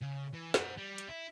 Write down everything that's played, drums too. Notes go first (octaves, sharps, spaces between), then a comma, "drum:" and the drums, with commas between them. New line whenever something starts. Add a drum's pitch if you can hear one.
C#3
E3
C5 F#5, drum: snare
G3
drum: hi-hat
E4